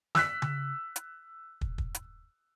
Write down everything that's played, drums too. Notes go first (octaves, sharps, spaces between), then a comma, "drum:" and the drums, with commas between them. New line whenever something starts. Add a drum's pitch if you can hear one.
E6 F#6 B6, drum: snare
drum: tom C#3
drum: hi-hat
drum: kick
drum: kick
drum: hi-hat